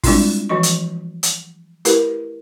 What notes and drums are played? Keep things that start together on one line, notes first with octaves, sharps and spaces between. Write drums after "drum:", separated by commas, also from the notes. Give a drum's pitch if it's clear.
G3 G#3 C4 D4 E4 F4, drum: kick, open hi-hat
E3 F3 F#4 D#5 C#6
drum: hi-hat
drum: hi-hat
A3 E4 G4 A#4 B4, drum: hi-hat